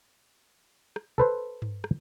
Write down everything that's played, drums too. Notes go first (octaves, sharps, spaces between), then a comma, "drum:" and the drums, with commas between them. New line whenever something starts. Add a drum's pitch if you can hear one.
drum: rim click
A4 B4 C5
drum: tom G2
drum: rim click